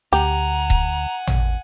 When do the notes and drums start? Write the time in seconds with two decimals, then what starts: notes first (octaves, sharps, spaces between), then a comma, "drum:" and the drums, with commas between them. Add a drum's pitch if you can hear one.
0.13 D2 G4 F#5 G#5 A#5
0.70 drum: kick D#1
1.27 drum: tom